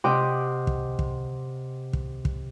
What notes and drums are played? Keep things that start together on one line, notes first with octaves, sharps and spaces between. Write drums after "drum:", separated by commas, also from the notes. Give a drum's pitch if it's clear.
C3 G4 D#5 F#5 C6 D6
drum: kick
drum: kick
drum: kick
drum: kick